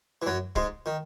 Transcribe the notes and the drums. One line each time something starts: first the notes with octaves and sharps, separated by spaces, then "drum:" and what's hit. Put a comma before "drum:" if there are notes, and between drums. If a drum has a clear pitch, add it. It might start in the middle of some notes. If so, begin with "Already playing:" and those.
E3
F#2 F#3
G#2 G#3, drum: kick
D#3